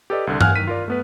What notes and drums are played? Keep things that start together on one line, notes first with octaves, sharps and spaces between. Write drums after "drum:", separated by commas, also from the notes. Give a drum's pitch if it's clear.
G4 A4 B4 D5 D#5
C2 D3
F5 F#5 G#5 F6 F#6, drum: tom G2
D#3 B6 D#7
F4 A#4 D5
A3 B3 B4